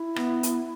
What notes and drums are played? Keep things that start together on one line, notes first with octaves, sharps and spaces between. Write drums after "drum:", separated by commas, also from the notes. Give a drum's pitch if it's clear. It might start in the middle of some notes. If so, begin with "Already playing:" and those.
Already playing: E4
B3, drum: rim click
drum: hi-hat